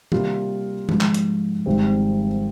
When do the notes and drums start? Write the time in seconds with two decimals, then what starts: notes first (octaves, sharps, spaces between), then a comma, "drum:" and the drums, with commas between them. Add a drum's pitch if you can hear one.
0.12 C3 G3 A#3 F4, drum: tom D#3
0.89 G#2 F3 G#3, drum: tom D#3
1.01 drum: clap
1.14 drum: hi-hat
1.66 G#1 G#2 G3 C4